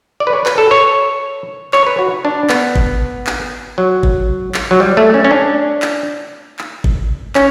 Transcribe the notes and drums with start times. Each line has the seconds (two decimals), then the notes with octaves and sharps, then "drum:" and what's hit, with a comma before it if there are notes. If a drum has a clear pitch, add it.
0.20 D5
0.27 B4
0.33 C#5
0.46 B4, drum: clap
0.58 A4
0.71 C#5
1.73 C#5, drum: clap
1.86 B4
1.99 F#4
2.25 D4
2.49 B3, drum: clap
2.76 drum: kick G1
3.27 drum: clap
3.78 F#3
4.03 drum: kick G1
4.54 drum: clap
4.71 F#3
4.80 G3
4.97 A3
5.14 C#4
5.24 C#4
5.31 D4
5.82 drum: clap
6.59 drum: clap
6.84 drum: kick G1
7.35 C#4, drum: clap